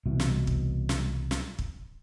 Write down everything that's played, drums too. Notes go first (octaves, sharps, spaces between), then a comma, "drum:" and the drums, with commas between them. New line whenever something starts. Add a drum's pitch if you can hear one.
C2 B2 E3
drum: snare
drum: kick
drum: snare
drum: snare
drum: kick